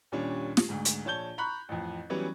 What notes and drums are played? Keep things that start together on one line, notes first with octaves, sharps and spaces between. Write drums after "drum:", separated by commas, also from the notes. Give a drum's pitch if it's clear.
D#2 A#2 G3 C#4 D4
drum: snare
D2 G#2
drum: hi-hat
A#1 C#5 A5 G6 G7
A#5 B5 C#6 F#6
A1 F2
E3 F#3 G3 B3 C#4